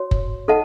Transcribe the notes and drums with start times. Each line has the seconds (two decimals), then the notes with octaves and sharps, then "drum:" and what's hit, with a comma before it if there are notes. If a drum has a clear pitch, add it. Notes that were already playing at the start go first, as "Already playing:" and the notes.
Already playing: F#4 C#5
0.11 drum: kick F#1
0.48 D#4 A4 D#5 F#5 A5